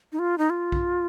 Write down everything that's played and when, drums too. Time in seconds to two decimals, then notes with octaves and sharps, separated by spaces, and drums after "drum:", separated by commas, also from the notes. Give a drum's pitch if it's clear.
0.12 D#4
0.19 F4
0.38 D#4
0.50 F4
0.72 drum: kick B1